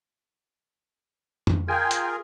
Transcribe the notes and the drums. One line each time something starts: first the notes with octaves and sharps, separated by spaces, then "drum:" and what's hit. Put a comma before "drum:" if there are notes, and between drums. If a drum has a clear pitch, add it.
drum: tom F2
F4 G#4 A#4 G5 G#5
drum: hi-hat